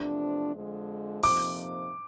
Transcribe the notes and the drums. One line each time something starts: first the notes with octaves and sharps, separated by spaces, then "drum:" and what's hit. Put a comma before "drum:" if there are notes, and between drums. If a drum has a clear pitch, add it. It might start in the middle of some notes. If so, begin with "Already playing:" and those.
Already playing: E2 C3 F3 A3 D4
F2 D3 F3 G#3
F2 C3 F3 A#3 D#4 D6, drum: open hi-hat